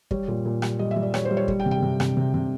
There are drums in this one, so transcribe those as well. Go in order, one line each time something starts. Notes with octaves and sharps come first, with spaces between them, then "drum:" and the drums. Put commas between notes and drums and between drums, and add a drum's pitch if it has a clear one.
G3 C#5, drum: kick
A#2
A#2
G3, drum: rim click
G3 D#5
E5
G3
D5
G3 C#5, drum: rim click
C5
G3
C#5
G3, drum: kick
G5
C3
G5
C3
C3, drum: rim click
C3
C3